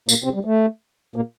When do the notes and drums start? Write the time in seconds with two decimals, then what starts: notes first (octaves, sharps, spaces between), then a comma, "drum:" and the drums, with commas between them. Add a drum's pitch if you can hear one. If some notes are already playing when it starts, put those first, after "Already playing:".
0.09 A#2 A#3, drum: tambourine
0.24 C3 C4
0.34 G3
0.45 A3
1.16 A#2 A#3